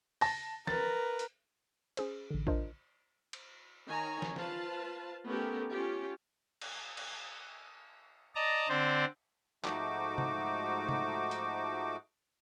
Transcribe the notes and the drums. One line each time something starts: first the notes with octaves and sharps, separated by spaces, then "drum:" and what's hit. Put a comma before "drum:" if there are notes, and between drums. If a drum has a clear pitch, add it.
A5 A#6, drum: open hi-hat
A#4 B4 A6, drum: snare
drum: hi-hat
C#4 G#4 C5, drum: cymbal
A1 D3
D4 F4 A#4 C5 D#5, drum: kick A1
drum: cymbal
D#3 C#5 G#5 A#5
drum: snare
F4 B4 C5 F5 A5, drum: snare
A3 B3 C#4 G4 A4 A#4
C#4 F4 G4
drum: cymbal
drum: cymbal
D5 D#5 A5 A#5
D3 C4 C5 D5
G#2 F3 A3 D#4 F#4 D6, drum: clap
drum: tom
drum: tom
drum: hi-hat